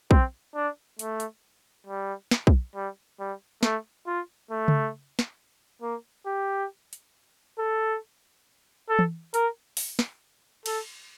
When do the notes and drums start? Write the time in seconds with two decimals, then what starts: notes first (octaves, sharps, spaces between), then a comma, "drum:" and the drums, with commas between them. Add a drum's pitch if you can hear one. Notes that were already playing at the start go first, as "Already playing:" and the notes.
0.11 C4, drum: kick
0.55 D4
0.99 A3, drum: hi-hat
1.20 drum: hi-hat
1.87 G3
2.31 drum: snare
2.47 drum: kick
2.75 G3
3.19 G3
3.63 A3, drum: snare
4.07 F4
4.51 A3
4.68 drum: tom C#3
5.19 drum: snare
5.82 A#3
6.26 G4
6.93 drum: hi-hat
7.58 A4
8.89 A4
8.99 drum: tom E3
9.34 A#4, drum: hi-hat
9.77 drum: open hi-hat
9.99 drum: snare
10.66 A4, drum: cymbal